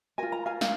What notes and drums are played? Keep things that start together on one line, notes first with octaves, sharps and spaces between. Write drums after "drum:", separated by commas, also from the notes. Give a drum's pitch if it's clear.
F4 A#4 G#5
A#5
F5 G#5
F5, drum: snare